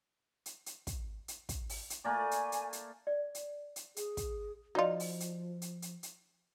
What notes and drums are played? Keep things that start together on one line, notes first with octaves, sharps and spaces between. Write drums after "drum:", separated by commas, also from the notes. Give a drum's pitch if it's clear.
drum: hi-hat
drum: hi-hat
drum: kick, hi-hat
drum: hi-hat
drum: kick, hi-hat
drum: open hi-hat
drum: hi-hat
A3 A#3 D5 G#5
drum: hi-hat
drum: hi-hat
drum: hi-hat
D5
drum: hi-hat
drum: hi-hat
G#4, drum: hi-hat
drum: kick, hi-hat
F3 D#4 F4 F#4 D5 D#5
drum: open hi-hat
drum: hi-hat
drum: hi-hat
drum: hi-hat
drum: hi-hat